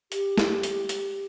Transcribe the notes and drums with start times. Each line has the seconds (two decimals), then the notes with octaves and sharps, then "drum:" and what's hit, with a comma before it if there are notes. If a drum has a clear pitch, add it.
0.12 G4, drum: hi-hat
0.38 drum: snare
0.63 drum: hi-hat
0.89 drum: hi-hat